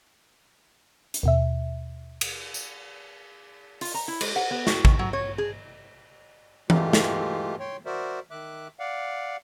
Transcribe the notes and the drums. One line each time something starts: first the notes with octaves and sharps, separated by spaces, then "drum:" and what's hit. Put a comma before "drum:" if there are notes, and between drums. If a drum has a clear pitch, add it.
drum: hi-hat
D#2 B2 E5
drum: cymbal
drum: tambourine
F4, drum: open hi-hat
A#5
E4
G#3, drum: cymbal
F#5
B3
F#4, drum: snare
D#3, drum: kick A1
F#3
C#5
G#4
E3 G#3 A3 F4 G4, drum: tom E3
drum: snare
C#5 G5 C6
F#4 A#4 C5 D5 E5
D#3 E5 D6 F#6
D5 F5 F#5